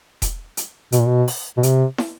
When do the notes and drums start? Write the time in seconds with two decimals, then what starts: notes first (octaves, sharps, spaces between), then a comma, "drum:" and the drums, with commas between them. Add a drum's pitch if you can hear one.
0.22 drum: kick E1, hi-hat
0.57 drum: hi-hat
0.92 B2, drum: hi-hat
1.00 A#2
1.07 B2
1.28 drum: open hi-hat
1.57 B2
1.63 C3, drum: hi-hat
1.98 drum: snare